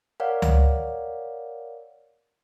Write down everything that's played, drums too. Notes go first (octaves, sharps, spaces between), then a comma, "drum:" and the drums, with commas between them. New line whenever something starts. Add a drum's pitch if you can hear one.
A#4 C#5 D5 F5 F#5
drum: tom C#2